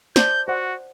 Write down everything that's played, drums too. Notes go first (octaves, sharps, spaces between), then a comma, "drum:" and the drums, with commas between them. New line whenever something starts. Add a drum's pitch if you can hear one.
C5 D5 A5 G6, drum: snare
F#4 C5 D5 F#5